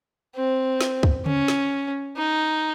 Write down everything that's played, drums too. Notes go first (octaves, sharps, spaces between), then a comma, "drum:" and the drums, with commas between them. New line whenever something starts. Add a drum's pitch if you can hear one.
C4
drum: snare
drum: kick
C#4, drum: tom C#3
drum: snare
D#4